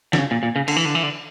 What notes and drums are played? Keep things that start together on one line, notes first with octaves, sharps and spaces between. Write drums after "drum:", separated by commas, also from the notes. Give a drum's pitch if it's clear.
D3, drum: snare
C#3
A#2
A#2
C#3
D3, drum: cymbal
E3
D3
E3
D3